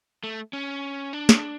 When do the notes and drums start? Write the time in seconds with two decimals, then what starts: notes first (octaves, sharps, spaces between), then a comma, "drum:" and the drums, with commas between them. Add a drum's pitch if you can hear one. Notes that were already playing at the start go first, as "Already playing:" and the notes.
0.24 A3
0.53 C#4
1.13 D4
1.29 drum: snare